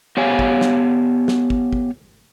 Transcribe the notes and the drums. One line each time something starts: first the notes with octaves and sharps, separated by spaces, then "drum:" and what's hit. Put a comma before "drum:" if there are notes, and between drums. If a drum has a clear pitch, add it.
B3 G4 C#5 F5 G#5
drum: kick
drum: snare
drum: snare
drum: kick
drum: kick